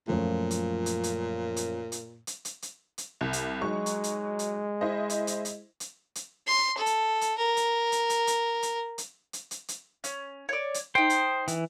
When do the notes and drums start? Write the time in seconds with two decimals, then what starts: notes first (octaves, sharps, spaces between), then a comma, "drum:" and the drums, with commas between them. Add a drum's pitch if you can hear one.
0.08 F#2 A#2 F3 A3
0.51 drum: hi-hat
0.86 drum: hi-hat
1.04 drum: hi-hat
1.57 drum: hi-hat
1.92 drum: hi-hat
2.27 drum: hi-hat
2.45 drum: hi-hat
2.62 drum: hi-hat
2.98 drum: hi-hat
3.21 C2
3.33 drum: hi-hat
3.61 F#3 G#3 D#4 C#6
3.86 drum: hi-hat
4.04 drum: hi-hat
4.39 drum: hi-hat
4.81 E4 C5 D#5
5.10 drum: hi-hat
5.27 drum: hi-hat
5.45 drum: hi-hat
5.80 drum: hi-hat
6.15 drum: hi-hat
6.47 C6
6.77 A4
6.86 drum: hi-hat
7.21 drum: hi-hat
7.38 A#4
7.57 drum: hi-hat
7.92 drum: hi-hat
8.10 drum: hi-hat
8.27 drum: hi-hat
8.63 drum: hi-hat
8.98 drum: hi-hat
9.33 drum: hi-hat
9.51 drum: hi-hat
9.68 drum: hi-hat
10.04 C#4, drum: hi-hat
10.49 C#5 D5
10.74 drum: hi-hat
10.95 D#4 C5 G5
11.10 drum: hi-hat
11.48 E3, drum: hi-hat